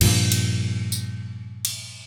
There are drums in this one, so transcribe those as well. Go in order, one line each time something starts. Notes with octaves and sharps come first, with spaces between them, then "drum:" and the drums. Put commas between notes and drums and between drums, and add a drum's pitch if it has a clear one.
G2 A#2 F3, drum: cymbal
drum: cymbal
drum: tambourine
drum: cymbal